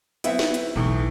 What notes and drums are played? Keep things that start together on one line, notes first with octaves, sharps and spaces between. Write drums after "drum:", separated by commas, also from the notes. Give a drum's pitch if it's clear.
B3 C4 E4 E5, drum: hi-hat
drum: snare
drum: hi-hat
B1 E2 A2